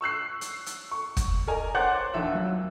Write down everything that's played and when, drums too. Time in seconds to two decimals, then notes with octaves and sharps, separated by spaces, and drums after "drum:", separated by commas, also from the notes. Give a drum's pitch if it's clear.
0.01 C#6 E6 F#6 C7
0.41 drum: hi-hat
0.66 drum: hi-hat
0.91 C#6
1.17 drum: kick, hi-hat
1.47 A#4 D5 D#5 G#5 A#5
1.75 C5 C#5 F#5 D6 F#6 A6
2.14 A#1 D#2 F3 E5 E6
2.35 F#3